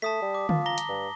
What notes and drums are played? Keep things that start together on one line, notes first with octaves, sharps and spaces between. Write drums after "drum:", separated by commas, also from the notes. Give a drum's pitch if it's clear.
A3 A5 D#6 B6
G3
D6
F4, drum: tom D3
A#5 A#6 G7
drum: hi-hat
G2